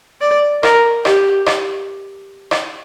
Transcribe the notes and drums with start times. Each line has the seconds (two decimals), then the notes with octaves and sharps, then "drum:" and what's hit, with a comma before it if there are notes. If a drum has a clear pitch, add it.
0.21 D5
0.63 A#4, drum: rim click
1.05 G4, drum: rim click
1.46 drum: rim click
2.51 drum: rim click